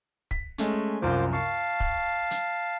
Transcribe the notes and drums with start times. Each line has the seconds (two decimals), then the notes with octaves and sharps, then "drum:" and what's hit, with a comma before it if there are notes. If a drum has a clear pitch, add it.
0.31 B6, drum: kick
0.58 G#3 A3 C#4, drum: hi-hat
1.02 C2 F#2 F3 F4 C5 D6
1.33 F5 A5 C#6
1.80 drum: kick
2.31 drum: hi-hat